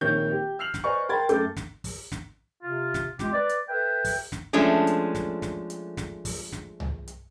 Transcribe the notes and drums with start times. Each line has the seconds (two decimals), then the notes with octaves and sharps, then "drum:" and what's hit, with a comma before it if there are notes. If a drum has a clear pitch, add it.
0.01 A#1 D#3 A#3 C4 C#5 G6
0.31 G4
0.59 E6 F6 C7 F7 F#7
0.74 drum: snare
0.84 B4 C5 D5 D#5 G#5 C#6
1.09 A#4 G5 B5 C6 G#6 A6
1.29 F#2 A3 A4 D6 G6, drum: hi-hat
1.57 drum: snare
1.84 drum: kick, open hi-hat
2.12 drum: snare
2.63 C3 F4
2.94 drum: snare
3.19 G#3 C4 F4 G4, drum: snare
3.33 B4 D5
3.49 drum: hi-hat
3.68 A4 B4 E5 G5
4.04 drum: kick, open hi-hat
4.32 drum: snare
4.53 F3 G#3 A3 C#4 D4
4.87 drum: hi-hat
5.15 drum: snare
5.42 drum: snare
5.70 drum: hi-hat
5.97 drum: snare
6.25 drum: kick, open hi-hat
6.52 drum: snare
6.80 drum: tom C2
7.08 drum: hi-hat